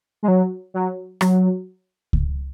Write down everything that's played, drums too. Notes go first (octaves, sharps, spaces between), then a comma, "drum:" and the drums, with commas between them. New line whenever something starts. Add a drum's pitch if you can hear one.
G#3
F#3
F#3
F#3, drum: rim click
drum: kick C#2